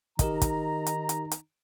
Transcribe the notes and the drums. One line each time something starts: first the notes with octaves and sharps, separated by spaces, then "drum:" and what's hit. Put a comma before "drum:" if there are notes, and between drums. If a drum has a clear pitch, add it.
D#3 D#4 G4 A#4 D#5 A#5, drum: kick, hi-hat
drum: kick, hi-hat
drum: hi-hat
drum: hi-hat
drum: hi-hat